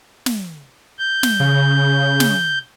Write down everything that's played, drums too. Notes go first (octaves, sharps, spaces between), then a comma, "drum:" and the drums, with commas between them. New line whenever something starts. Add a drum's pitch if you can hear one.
drum: snare
G6
drum: snare
C#3
drum: snare